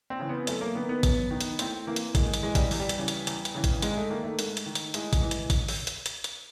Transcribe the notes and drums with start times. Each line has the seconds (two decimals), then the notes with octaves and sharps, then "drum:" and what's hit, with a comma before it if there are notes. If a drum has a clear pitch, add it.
0.10 C4
0.19 C#3 E3
0.29 B3
0.47 F#2 A3, drum: hi-hat
0.61 A#3
0.75 D#3 B3
0.89 B3
1.03 F#2, drum: kick, hi-hat
1.31 D#3
1.41 drum: hi-hat
1.59 A2 C4, drum: hi-hat
1.87 E3 A#3
1.96 drum: hi-hat
2.15 A2 G#3, drum: kick, hi-hat
2.34 drum: hi-hat
2.43 E3 G#3
2.55 G3, drum: kick, hi-hat
2.71 E2, drum: open hi-hat
2.79 G3
2.89 drum: hi-hat
2.98 C#3 E3
3.08 drum: hi-hat
3.27 E2, drum: hi-hat
3.45 drum: hi-hat
3.55 C#3 E3
3.64 drum: kick, hi-hat
3.82 G#2 G#3, drum: hi-hat
3.97 A3
4.10 D#3 A#3
4.24 A3
4.39 G#2, drum: hi-hat
4.57 drum: hi-hat
4.66 D#3
4.75 drum: hi-hat
4.94 A2 G#3, drum: hi-hat
5.13 drum: kick, hi-hat
5.22 E3
5.31 drum: hi-hat
5.50 drum: kick, hi-hat
5.68 drum: open hi-hat
5.87 drum: hi-hat
6.06 drum: hi-hat
6.24 drum: hi-hat